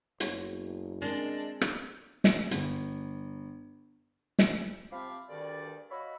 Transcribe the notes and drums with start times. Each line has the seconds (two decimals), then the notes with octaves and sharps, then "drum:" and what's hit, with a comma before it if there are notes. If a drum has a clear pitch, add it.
0.20 F#1 B3 F#4 C#5, drum: hi-hat
1.02 G#3 C4 D4 A#4
1.61 drum: rim click
2.24 drum: snare
2.51 G1, drum: hi-hat
4.39 drum: snare
4.92 C3 F3 C4 F5 B5 D6
5.29 D2 G2 D#3 D5
5.91 F#4 C#5 D#5 F5 B5 E6